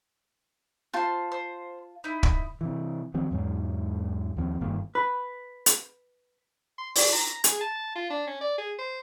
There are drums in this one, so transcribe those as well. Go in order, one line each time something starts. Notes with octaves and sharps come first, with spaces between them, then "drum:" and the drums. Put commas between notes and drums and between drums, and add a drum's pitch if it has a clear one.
F4 C5 A5 C6 G6
C5
D#4 E4
drum: kick
C3 E3
D#3 F3 F#3 C4
E2 G#2 F#3
D#2 F3 C4
G1 G2 D#3 A#3
B4
drum: hi-hat
C6
D5, drum: open hi-hat
A#5
G#4, drum: hi-hat
A5
F4
D4
C#4
D5
G#4
C5